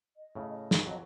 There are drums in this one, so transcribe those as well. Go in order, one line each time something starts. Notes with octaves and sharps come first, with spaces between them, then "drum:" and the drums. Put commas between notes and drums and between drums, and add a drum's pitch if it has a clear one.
D#5
A2 C#3
D#5
drum: snare
F2 F#3